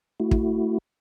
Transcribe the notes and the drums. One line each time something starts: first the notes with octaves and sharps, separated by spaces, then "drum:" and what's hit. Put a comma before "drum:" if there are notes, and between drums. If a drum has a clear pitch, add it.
A3 E4 F#4
drum: kick